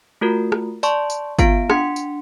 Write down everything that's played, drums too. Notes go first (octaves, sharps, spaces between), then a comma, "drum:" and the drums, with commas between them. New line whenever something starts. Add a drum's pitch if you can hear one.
A3 F4 F#4 A#4
drum: rim click
D5 A5 C6 C#6, drum: tambourine
drum: tambourine
B3 F4 F5 D7, drum: kick, tambourine
D4 F#5 C6 C#7, drum: rim click
drum: tambourine